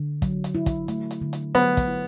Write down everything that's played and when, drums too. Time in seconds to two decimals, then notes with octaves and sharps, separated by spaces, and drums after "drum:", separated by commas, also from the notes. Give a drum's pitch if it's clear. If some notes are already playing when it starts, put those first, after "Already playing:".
Already playing: D3
0.22 F#3, drum: kick, hi-hat
0.44 drum: hi-hat
0.55 E4
0.66 drum: kick, hi-hat
0.88 A3, drum: hi-hat
1.11 drum: hi-hat
1.22 D3
1.33 drum: hi-hat
1.55 F#3 B3
1.77 drum: kick, hi-hat
1.88 E4